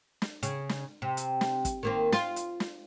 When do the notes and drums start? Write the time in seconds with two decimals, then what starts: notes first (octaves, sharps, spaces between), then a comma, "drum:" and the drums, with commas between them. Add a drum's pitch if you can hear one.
0.22 drum: snare
0.43 C#3, drum: hi-hat
0.69 drum: snare
1.02 C3
1.17 drum: hi-hat
1.41 drum: snare
1.65 drum: kick G1, hi-hat
1.83 D#3 A#3 C4
2.12 F4, drum: snare
2.36 drum: hi-hat
2.60 drum: snare